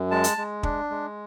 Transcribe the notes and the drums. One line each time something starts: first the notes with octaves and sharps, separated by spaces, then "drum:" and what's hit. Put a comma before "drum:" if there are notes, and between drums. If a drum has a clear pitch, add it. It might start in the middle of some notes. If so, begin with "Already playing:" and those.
Already playing: F#2
G#3 A5
drum: hi-hat
G#3
D4, drum: kick
G#3